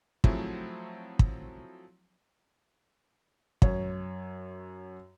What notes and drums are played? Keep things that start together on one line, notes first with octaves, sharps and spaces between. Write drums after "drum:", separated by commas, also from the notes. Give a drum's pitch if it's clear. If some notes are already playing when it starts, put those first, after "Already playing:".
F3 F#3 A3 C4 E4 G#4, drum: kick
drum: kick
F#2 C#5, drum: kick